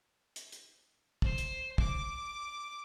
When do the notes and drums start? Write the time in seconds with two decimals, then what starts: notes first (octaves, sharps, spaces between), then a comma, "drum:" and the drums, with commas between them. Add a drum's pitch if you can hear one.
0.36 drum: hi-hat
0.52 drum: hi-hat
1.22 C5, drum: kick
1.38 drum: hi-hat
1.78 D6, drum: kick